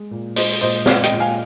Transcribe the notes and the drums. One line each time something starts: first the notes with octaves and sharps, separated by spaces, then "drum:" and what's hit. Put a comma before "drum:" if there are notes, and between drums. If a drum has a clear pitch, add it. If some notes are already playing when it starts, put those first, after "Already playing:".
Already playing: G#3
A#2
G#3 C5 D#5, drum: open hi-hat
A#2 C5 D#5
G#3 D5 F5, drum: snare
D#5 G5, drum: hi-hat
A#2
F5 G#5